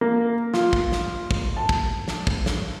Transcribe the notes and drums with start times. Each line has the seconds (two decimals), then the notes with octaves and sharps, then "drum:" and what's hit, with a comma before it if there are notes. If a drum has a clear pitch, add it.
0.01 A#3
0.54 F4, drum: snare
0.73 drum: kick
0.92 drum: snare
1.31 drum: kick
1.57 A5
1.69 drum: kick
2.08 drum: snare
2.27 drum: kick
2.46 drum: snare